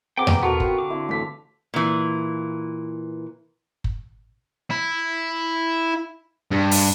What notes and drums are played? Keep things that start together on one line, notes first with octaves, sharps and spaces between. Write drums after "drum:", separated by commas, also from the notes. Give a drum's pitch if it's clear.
C4 G#4 B4 F#5 G5 A#5 D6
drum: tom E2
B3 F4 F#4 A4 A#4 F5
G5 C6 C#6, drum: kick
D3 D6
C4 E4
A1 A4 C6 B6
A#2 E3
drum: kick
E4
G2
drum: open hi-hat